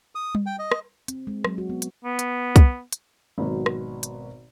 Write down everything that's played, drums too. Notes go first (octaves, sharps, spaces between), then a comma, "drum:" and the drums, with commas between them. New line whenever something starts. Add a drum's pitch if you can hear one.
D#6
drum: tom G3
G5
D#5
drum: rim click
C4, drum: hi-hat
G#3
F#3, drum: rim click
F#4
B3
drum: hi-hat
B3
drum: hi-hat
drum: kick, hi-hat
drum: hi-hat
G#1 B2 F#3
drum: rim click
drum: hi-hat